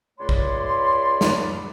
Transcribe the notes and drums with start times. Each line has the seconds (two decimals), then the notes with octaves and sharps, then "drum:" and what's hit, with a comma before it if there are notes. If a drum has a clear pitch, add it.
0.19 C#2 A3 C#5 D5 B5 C6
0.29 drum: kick
1.21 drum: snare